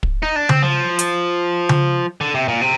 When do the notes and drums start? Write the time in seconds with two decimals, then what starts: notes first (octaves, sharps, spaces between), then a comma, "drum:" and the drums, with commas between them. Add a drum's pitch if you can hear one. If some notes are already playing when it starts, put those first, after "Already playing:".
0.03 drum: kick
0.23 D#4
0.36 D4
0.49 C4, drum: tom C#3
0.63 F3
0.99 drum: hi-hat
1.69 drum: tom C#3
2.21 D3
2.34 C3
2.48 A#2
2.61 C3